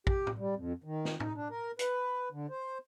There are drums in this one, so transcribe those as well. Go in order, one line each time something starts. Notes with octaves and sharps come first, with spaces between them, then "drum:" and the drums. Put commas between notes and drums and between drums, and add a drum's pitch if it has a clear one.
G4, drum: kick
drum: tom A2
G3
F2
D#3
drum: snare
D#4, drum: tom A2
D4
A#4
B4, drum: hi-hat
D3
C5